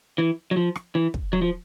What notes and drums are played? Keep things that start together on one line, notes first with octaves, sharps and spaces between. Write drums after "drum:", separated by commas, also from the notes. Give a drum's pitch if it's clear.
E3
F#3
F3
drum: rim click
E3
drum: kick
F#3
F3